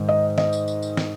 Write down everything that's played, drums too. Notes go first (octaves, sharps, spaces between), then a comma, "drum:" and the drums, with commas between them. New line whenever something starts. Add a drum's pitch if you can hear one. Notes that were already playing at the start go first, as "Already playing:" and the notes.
Already playing: G#2 D#3
D#5
D#5, drum: snare
drum: tambourine
drum: tambourine
drum: tambourine
drum: snare